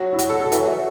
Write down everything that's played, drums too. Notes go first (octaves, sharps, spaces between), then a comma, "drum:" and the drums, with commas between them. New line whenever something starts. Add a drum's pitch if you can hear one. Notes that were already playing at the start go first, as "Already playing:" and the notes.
Already playing: F#3 F#4
E4
F#4, drum: hi-hat
A4
A4
E3 F#4, drum: hi-hat
F#3
A3